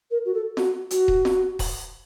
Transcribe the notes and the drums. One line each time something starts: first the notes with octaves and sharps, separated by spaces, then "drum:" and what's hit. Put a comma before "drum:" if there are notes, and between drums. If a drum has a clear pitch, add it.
A#4
F#4
A4
F#4, drum: snare
F#4, drum: hi-hat
drum: kick D#1
drum: snare
drum: kick D#1, open hi-hat